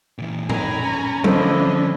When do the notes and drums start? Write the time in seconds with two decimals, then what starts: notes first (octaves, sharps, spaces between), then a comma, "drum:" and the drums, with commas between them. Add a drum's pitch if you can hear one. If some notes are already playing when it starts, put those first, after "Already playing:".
0.18 A#2 E3
0.50 D#4 A#4 G#5 A#5 B5, drum: tom A2
0.83 C#4
1.24 D3 F3 A3 C4 D4 E4 D#5, drum: tom F#3